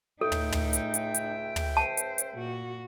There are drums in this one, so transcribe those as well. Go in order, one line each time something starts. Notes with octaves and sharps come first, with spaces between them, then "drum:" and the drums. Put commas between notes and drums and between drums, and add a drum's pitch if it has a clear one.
C#2 A2 D#4 A4 E5 G5
drum: tom
drum: tom
drum: hi-hat
drum: hi-hat
drum: hi-hat
drum: tom
C5 A5
drum: hi-hat
drum: hi-hat
A#2 F#4